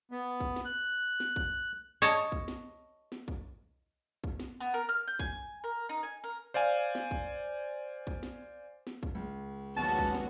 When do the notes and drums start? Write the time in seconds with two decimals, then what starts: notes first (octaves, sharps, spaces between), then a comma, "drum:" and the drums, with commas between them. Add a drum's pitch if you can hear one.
0.11 B3
0.40 drum: kick
0.56 drum: snare
0.65 F#6
1.20 drum: snare
1.36 drum: kick
2.02 C#5 D#5 A5
2.32 drum: kick
2.48 drum: snare
3.12 drum: snare
3.28 drum: kick
4.24 drum: kick
4.40 drum: snare
4.60 B3
4.74 A#4
4.89 F6
5.08 G6
5.19 G#5, drum: kick
5.64 A#4
5.89 D#4
6.03 G#5
6.24 A#4
6.54 C5 D5 F5 G#5
6.95 drum: snare
7.11 drum: kick
8.07 drum: kick
8.23 drum: snare
8.87 drum: snare
9.03 drum: kick
9.15 C#2
9.77 A#1 D#2 G#3 B3 C#4 F#4 A5
9.98 drum: kick
10.14 drum: snare